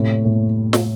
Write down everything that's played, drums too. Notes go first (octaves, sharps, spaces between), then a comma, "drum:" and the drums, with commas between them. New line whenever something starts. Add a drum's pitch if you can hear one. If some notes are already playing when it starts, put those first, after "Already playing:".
Already playing: A2 C3 C#5
A2
drum: snare